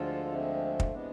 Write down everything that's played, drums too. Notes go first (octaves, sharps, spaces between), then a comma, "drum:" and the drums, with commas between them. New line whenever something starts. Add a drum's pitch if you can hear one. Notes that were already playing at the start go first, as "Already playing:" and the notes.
Already playing: D2 D3 F3 G#3 F4 A4
A3 C4
drum: kick
C3 E3 G#3 B3 D4